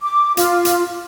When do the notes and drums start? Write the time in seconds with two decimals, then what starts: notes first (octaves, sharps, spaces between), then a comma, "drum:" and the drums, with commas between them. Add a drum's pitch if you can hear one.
0.02 D6
0.37 F4, drum: hi-hat
0.65 drum: hi-hat